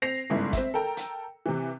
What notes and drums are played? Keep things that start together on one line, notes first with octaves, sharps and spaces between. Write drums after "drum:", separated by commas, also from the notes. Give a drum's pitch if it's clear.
C4 A#6 C7 F7
G1 G#2 C#3 B3 E4
C4 E5, drum: kick, hi-hat
A4 A#4 G5 A#5
drum: hi-hat
C3 E3